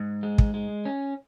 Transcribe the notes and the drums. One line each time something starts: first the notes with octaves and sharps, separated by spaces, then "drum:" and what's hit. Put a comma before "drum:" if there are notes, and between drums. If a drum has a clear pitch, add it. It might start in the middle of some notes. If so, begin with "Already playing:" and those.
Already playing: G#2
G#3
drum: kick
G#3
C#4